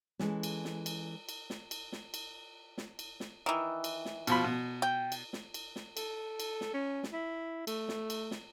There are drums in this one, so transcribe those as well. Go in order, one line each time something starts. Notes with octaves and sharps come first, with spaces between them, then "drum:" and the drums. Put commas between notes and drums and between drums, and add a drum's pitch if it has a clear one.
E3 G#3 C#4 A4, drum: snare
drum: cymbal
drum: snare
drum: cymbal
drum: cymbal
drum: snare
drum: cymbal
drum: snare
drum: cymbal
drum: snare
drum: cymbal
drum: snare
D#3 E3
drum: cymbal
drum: snare
B2 F3 B5, drum: cymbal
B2
G5
drum: cymbal
drum: snare
drum: cymbal
drum: snare
A4, drum: cymbal
drum: cymbal
drum: snare
C#4
drum: snare
E4
A3, drum: cymbal
drum: snare
drum: cymbal
drum: snare